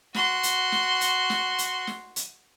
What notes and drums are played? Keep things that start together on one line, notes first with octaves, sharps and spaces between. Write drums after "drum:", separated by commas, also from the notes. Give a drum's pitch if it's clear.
F#4 C6, drum: snare
drum: hi-hat
drum: snare
drum: hi-hat
drum: snare
drum: hi-hat
drum: snare
drum: hi-hat